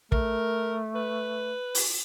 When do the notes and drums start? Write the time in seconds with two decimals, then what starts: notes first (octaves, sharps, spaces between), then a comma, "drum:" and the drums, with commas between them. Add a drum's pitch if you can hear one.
0.12 A3 A#4, drum: kick
0.95 B4
1.75 drum: open hi-hat